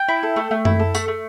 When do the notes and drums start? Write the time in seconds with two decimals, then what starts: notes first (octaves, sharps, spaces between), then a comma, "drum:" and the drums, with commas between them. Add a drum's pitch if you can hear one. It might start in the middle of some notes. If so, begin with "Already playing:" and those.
Already playing: G5
0.09 E4
0.23 A4
0.36 A3
0.51 A3
0.65 E4, drum: tom F#2
0.80 A4
0.95 A3, drum: tambourine
1.08 A3